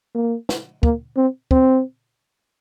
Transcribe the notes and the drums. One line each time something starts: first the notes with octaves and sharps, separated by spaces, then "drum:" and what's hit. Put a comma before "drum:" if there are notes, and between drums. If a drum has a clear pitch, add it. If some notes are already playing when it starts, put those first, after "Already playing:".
A#3
drum: snare
A#3, drum: kick
C4
C4, drum: kick